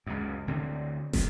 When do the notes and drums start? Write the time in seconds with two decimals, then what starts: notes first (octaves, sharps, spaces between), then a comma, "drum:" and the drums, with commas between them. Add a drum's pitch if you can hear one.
0.07 C#2 F#2
0.47 D2 D3 C4
1.13 C#2, drum: snare